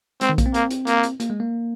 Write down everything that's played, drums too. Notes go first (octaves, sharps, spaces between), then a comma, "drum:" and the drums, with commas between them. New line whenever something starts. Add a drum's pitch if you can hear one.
G#3 C4, drum: hi-hat
D#3
A#3, drum: kick A#1, hi-hat
C4
A#3, drum: hi-hat
drum: hi-hat
A#3, drum: hi-hat
drum: hi-hat
A#3, drum: hi-hat
G#3
A#3